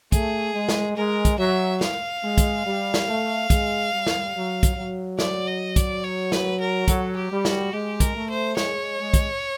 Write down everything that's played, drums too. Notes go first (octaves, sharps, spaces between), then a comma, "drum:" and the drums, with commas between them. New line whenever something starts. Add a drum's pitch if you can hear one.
A3 G#4, drum: kick, hi-hat
G#3
drum: snare
G#3 A#4
drum: kick, hi-hat
F#3 E5
F5, drum: snare
G#3
drum: kick, hi-hat
G3
drum: snare
A3
G#3, drum: kick, hi-hat
G3
drum: snare
F#3
drum: kick, hi-hat
F#3
D5, drum: snare
D#5
D5, drum: kick, hi-hat
C#5
B4, drum: snare
A#4
F#3 A4, drum: kick, hi-hat
G4
G3
F#4, drum: snare
G#3 G4
A#4, drum: kick, hi-hat
A3
C5
G#3 C#5, drum: snare
G#3
drum: kick, hi-hat